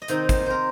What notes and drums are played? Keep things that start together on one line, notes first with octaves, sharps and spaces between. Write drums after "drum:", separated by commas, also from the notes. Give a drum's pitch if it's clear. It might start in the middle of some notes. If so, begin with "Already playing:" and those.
D#5
C3 D#3 C4 D#4 C5, drum: hi-hat
drum: kick, hi-hat
A#4 C5